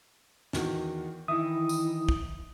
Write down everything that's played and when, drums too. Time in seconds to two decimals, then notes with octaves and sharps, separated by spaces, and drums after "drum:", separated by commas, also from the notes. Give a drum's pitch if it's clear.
0.53 E2 D#3 F#4, drum: snare
1.28 D#3 E3 D#4 E4 E5 D#6
1.69 drum: tambourine
2.09 drum: kick